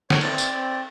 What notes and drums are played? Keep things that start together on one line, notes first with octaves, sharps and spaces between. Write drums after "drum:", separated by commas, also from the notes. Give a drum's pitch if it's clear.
C#5, drum: snare
C4 D5, drum: cymbal
drum: tambourine
C4